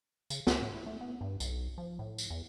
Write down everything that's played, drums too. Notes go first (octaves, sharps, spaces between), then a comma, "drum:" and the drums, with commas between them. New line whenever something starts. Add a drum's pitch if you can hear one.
C#3, drum: tambourine
C#2, drum: snare
A2
E4
A3
B3
G2
B1, drum: tambourine
F3
A2
drum: tambourine
E2